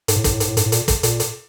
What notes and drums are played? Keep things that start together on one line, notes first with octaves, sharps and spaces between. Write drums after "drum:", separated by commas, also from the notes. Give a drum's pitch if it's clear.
G#2, drum: hi-hat
A2
G#2, drum: kick, hi-hat
A2
G#2, drum: hi-hat
A2
G#2, drum: hi-hat
A2
A#2, drum: hi-hat
drum: kick, hi-hat
A#2, drum: hi-hat
drum: hi-hat